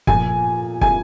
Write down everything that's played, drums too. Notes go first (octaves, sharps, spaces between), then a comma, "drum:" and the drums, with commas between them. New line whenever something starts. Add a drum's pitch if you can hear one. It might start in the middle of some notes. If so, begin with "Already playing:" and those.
A#2 F3 G#5, drum: kick
G#5, drum: kick